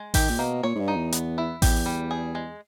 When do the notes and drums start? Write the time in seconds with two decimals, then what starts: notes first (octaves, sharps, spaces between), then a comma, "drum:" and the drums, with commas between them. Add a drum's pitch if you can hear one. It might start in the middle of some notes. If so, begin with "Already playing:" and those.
Already playing: G#3
0.14 D#3 G4, drum: kick A1, open hi-hat
0.30 A#2
0.39 B2 A#3
0.63 A#2 C#5
0.75 G#2
0.80 G2
0.88 D#4
0.96 E2
1.12 B3, drum: hi-hat
1.38 E4
1.62 E2 G4, drum: kick A1, open hi-hat
1.86 G3
2.11 G#4
2.35 G#3